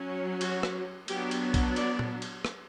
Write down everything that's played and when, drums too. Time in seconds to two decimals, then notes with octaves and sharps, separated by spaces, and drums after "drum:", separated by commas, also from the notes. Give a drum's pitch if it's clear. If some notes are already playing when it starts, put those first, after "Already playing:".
Already playing: F#3 C#4
0.41 F#4, drum: cymbal
0.63 drum: rim click
1.08 F#3 B3 D4 G4, drum: cymbal
1.31 drum: cymbal
1.54 drum: kick B1, cymbal
1.76 D5, drum: cymbal
1.99 drum: tom A#2
2.22 drum: cymbal
2.45 drum: rim click